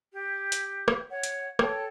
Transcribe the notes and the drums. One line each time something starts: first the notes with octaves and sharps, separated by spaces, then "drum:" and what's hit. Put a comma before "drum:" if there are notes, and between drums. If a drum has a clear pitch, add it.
G4
drum: hi-hat
drum: rim click
C#5 F#5
drum: hi-hat
A4 C#5 G5 A5, drum: rim click